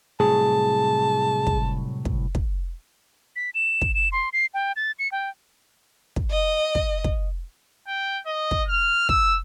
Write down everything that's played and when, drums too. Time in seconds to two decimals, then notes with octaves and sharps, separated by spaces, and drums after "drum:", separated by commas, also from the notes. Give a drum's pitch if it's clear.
0.20 C2 A2 F#3 G#4 A5
1.47 drum: kick
2.05 drum: kick
2.35 drum: kick
3.36 B6
3.54 E7
3.81 drum: kick
3.94 E7
4.12 C6
4.33 C7
4.54 G5
4.76 A6
4.99 C#7
5.12 G5
6.16 drum: kick
6.31 D#5
6.75 drum: kick
7.04 drum: kick
7.87 G5
8.26 D#5
8.51 drum: kick
8.69 F6
9.09 E6, drum: kick